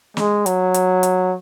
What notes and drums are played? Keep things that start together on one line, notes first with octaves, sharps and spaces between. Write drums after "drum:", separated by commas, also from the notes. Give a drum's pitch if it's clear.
G#3, drum: snare
F#3, drum: hi-hat
drum: hi-hat
drum: hi-hat